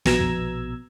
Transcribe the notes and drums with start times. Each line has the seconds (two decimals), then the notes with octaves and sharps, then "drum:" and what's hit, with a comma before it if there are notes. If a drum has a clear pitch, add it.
0.05 A#1 B2 A#5 E6 G#6, drum: snare
0.21 drum: kick